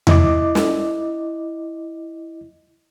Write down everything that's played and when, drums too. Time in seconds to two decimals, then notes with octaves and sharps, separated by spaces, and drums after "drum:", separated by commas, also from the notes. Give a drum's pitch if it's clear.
0.07 E4 D#5 D6, drum: tom E2
0.55 drum: snare